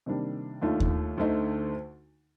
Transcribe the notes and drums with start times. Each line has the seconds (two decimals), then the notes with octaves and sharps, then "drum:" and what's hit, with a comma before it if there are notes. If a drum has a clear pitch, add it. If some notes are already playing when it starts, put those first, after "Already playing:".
0.06 C3 D#3 G3 A#3 D4
0.62 D#2 D#3 A3 D4 F4
0.80 drum: kick D#2
1.18 D2 D3 A3 D#4